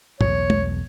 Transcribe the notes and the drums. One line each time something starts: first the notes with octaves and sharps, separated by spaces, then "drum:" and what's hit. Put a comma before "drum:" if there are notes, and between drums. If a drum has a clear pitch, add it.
B1 E2 C#5, drum: tom A2
drum: tom